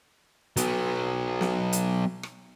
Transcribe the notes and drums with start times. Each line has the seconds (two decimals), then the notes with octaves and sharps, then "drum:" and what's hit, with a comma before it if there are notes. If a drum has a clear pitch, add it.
0.57 F#3 B3, drum: hi-hat
1.41 drum: snare
1.73 drum: hi-hat
2.23 drum: rim click